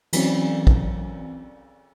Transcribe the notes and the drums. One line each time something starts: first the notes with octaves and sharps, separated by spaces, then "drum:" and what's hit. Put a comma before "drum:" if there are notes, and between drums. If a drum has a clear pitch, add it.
E3 F#3 C4 C#4, drum: cymbal
drum: kick